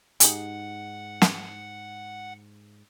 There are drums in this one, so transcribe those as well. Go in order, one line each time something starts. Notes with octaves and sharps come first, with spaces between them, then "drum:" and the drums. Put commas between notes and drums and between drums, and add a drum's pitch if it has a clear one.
G#2 D#4 G4 G#4 F#5, drum: hi-hat
drum: snare